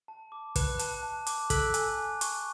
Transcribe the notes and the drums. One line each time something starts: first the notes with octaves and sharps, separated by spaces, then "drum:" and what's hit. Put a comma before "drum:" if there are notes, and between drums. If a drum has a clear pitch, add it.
A5
D6
B4 F#6, drum: kick, hi-hat
A5, drum: hi-hat
A5
D6, drum: hi-hat
A4 F#6, drum: kick, hi-hat
G#5, drum: hi-hat
G#5
C#6, drum: hi-hat